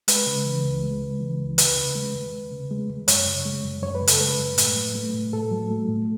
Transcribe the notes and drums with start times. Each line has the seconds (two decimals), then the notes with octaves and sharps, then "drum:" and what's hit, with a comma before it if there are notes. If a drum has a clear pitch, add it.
0.08 G#3 B4, drum: hi-hat
0.27 C#3
0.46 E3
0.65 C#2
0.83 G#3
1.02 C#3
1.20 E3
1.40 C#2
1.58 D#2 B4, drum: hi-hat
1.76 C#3
1.95 G#3
2.14 D#2
2.33 D#2
2.51 C#3
2.71 G#3
2.89 D#2
3.08 F#2 C#5, drum: hi-hat
3.26 C#3
3.45 G#3
3.64 F#2
3.83 F#2 C#5
3.95 B4
4.01 C#3
4.07 A4, drum: hi-hat
4.20 G#3 B4
4.39 F#2
4.58 A2, drum: hi-hat
4.76 F#3
4.95 A3
5.14 A2
5.33 A2 A4
5.51 F#3
5.71 A3
5.89 A2